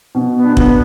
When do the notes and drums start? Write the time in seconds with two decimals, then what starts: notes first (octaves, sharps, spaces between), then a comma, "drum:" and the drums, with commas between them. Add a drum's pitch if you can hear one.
0.15 B2
0.36 B3
0.43 D4
0.57 B3, drum: kick